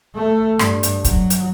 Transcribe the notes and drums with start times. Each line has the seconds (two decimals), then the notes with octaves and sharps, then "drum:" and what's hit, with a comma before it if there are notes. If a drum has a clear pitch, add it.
0.15 A3
0.59 G2, drum: rim click
0.83 drum: hi-hat
1.04 F#3, drum: kick, hi-hat
1.30 drum: hi-hat